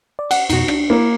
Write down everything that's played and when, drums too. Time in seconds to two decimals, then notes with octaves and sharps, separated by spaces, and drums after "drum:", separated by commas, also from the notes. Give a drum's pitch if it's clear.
0.19 D5
0.31 F#5, drum: cymbal
0.50 F2 B2 D#4 F#4, drum: cymbal
0.68 D4, drum: rim click
0.90 A#3 E4